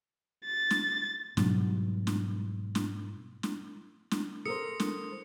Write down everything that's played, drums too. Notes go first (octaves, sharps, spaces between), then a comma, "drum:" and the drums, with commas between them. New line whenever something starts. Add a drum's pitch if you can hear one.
A6
drum: snare
G#2 B2 F#3 G3, drum: snare
drum: snare
drum: snare
drum: snare
drum: snare
A4 A#4 C5 D#6 C#7
drum: snare